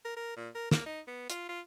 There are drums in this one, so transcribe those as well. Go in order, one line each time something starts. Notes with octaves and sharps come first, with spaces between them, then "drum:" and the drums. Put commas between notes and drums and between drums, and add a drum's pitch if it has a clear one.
A#4
A#4
A#2
A#4
A#3, drum: snare
D#4
B3
F4, drum: hi-hat
F4